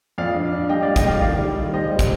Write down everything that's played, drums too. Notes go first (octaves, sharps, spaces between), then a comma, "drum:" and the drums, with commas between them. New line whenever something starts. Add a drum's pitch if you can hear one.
F2 D5 F5
D4
D4
G3 D#5 G5
G3 D5 F5
D#5 G5, drum: kick, hi-hat
C3 D5 F5
D#3 D5 F5
G3
D#3
G3 C5 D#5
G3
drum: kick, hi-hat